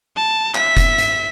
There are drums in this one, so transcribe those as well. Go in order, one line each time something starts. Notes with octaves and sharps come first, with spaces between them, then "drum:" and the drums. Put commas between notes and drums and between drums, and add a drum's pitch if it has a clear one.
A5
E5 B6, drum: clap
drum: kick F1, hi-hat
drum: hi-hat